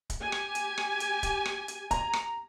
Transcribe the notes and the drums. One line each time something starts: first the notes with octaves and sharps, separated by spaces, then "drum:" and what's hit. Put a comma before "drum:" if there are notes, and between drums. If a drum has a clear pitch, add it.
drum: kick D1, hi-hat
G4 G#5
drum: rim click
drum: hi-hat
drum: rim click
drum: hi-hat
drum: kick D1, hi-hat
drum: rim click
drum: hi-hat
A#5, drum: kick D1, hi-hat
drum: rim click